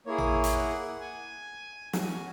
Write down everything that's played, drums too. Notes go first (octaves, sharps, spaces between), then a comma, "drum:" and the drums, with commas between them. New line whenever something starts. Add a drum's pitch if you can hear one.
A#3 E4 G#4 C#5
drum: tom A1
drum: hi-hat
F#5
G#5
C#4 F#4 G#5, drum: snare